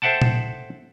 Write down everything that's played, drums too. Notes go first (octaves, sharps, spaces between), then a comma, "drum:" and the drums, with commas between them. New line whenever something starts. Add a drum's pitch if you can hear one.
A4 C5 E5 F#5 G5 A5
drum: tom A#2